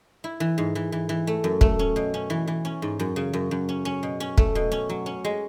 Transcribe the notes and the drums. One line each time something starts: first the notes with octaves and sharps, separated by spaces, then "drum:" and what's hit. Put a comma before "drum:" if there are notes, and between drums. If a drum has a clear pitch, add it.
E4
E3
G#2
E3
E3
E3
A3
F#2
A3, drum: kick
C#4
B2
C#4
E3
E3
C#4
G#2
F#2
C#3
F#2
F#2
C#4
C#4
B2
C#4
A3, drum: kick
B2
C#4
F#3
C#4
G#3